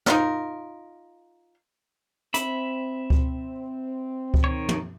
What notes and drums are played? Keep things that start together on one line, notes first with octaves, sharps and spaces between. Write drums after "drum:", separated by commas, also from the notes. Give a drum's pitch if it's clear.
D#4 F4 A#4, drum: snare
C4 E5 B5, drum: hi-hat
drum: kick C#2
drum: kick C#2
D#3 C#5
drum: tom